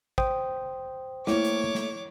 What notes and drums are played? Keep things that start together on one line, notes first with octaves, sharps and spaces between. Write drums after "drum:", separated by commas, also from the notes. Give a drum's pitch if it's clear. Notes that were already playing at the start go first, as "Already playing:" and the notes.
C5 G5 D#6, drum: kick
A3 A#3 E4 C#5 D6, drum: snare
drum: hi-hat
drum: snare